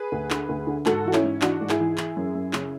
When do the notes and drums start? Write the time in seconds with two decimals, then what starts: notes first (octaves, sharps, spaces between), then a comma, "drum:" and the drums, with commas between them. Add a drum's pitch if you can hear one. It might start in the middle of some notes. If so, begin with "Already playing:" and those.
Already playing: G#4 B4
0.12 D2
0.31 D3, drum: clap
0.49 D2
0.67 D3
0.86 G#2 F#4 A4, drum: clap
1.05 E3 F#4
1.13 C#4 E4, drum: clap
1.23 G#2
1.42 E3 D4 F#4, drum: clap
1.61 G#2
1.69 E4 G#4, drum: clap
1.80 E3
1.98 E3, drum: clap
2.17 F#2
2.35 F#2
2.53 C#3, drum: clap